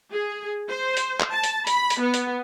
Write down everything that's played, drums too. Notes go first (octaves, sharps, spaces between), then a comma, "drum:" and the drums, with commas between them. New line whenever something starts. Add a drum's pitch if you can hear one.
G#4
C5
drum: hi-hat
drum: clap
A5
drum: hi-hat
B5, drum: hi-hat
drum: hi-hat
B3
drum: hi-hat